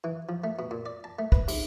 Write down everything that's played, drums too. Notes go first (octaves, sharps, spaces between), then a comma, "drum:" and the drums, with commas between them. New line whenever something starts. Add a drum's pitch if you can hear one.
E3
F3
A3
B2
A#2
D5
A5
A3
B4, drum: kick
C3, drum: cymbal